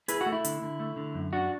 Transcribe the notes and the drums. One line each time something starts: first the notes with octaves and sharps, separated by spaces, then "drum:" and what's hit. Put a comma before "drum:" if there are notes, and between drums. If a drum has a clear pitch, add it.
E4 G#4 B4, drum: hi-hat
F#4
A3
E4
D3, drum: hi-hat
D3
A3
D3
F#2
D4 F#4